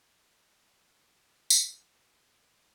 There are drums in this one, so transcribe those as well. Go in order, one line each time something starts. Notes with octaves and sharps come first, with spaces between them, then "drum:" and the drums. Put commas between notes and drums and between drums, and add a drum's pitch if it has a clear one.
D4 C#6
D6
G#3
F6
D4
G#2
D4 D6
F6
G#3
D6
G#2 C#6, drum: tambourine
D6
G#3 C#6
D6
F#3 F6
G#2
G#2